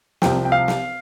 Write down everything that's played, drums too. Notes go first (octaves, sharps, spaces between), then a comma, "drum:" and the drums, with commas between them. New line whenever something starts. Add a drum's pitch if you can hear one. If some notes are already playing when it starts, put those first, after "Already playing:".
C2 C3 F3 G5, drum: snare
G5
F5
drum: snare